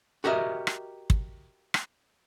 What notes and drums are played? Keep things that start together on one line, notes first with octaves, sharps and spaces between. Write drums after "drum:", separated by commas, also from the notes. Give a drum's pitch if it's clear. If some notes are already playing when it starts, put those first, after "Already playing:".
F#4 G4 A#4 D#5 E5
drum: rim click
drum: kick
drum: rim click